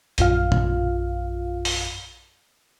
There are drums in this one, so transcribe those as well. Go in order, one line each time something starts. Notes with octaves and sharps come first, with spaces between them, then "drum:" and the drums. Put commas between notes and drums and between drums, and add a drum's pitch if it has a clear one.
A#1 F#2 F4 F5, drum: hi-hat
drum: tom A#2
drum: open hi-hat